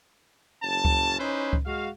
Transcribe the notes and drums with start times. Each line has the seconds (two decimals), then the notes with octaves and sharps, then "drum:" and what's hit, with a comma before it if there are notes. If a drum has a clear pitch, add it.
0.62 F#1 C#4 A5
0.85 drum: kick C#2
1.19 C#4 D#4 E4 B4 C5
1.53 drum: kick C#2
1.65 G#3 F#4 F5